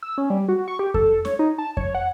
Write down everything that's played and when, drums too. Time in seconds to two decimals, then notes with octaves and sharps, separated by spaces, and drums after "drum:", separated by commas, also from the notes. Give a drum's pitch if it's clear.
0.03 E6
0.18 C#4
0.30 G3
0.49 F#4
0.68 C#6
0.79 G4
0.94 A4, drum: kick F2
1.25 C#5, drum: snare
1.39 D#4
1.58 A5
1.77 C#5, drum: kick F2
1.95 F#5